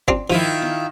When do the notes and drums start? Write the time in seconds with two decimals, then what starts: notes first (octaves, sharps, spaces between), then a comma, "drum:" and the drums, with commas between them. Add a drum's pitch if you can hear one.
0.08 C4 D4 F4, drum: kick G1
0.30 D#3 F3 E4 F4
0.62 drum: snare